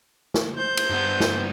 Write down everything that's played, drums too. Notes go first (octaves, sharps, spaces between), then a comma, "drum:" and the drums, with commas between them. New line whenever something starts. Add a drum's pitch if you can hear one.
drum: snare
C5 G6
drum: cymbal
G2 B3
drum: snare